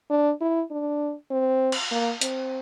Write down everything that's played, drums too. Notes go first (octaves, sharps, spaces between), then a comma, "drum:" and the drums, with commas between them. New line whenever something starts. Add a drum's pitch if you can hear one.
D4
E4
D4
C4
drum: cymbal
A#3
C4, drum: hi-hat